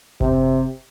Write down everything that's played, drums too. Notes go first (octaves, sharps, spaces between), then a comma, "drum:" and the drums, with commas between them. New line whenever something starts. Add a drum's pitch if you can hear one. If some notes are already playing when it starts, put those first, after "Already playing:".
C3, drum: kick F#1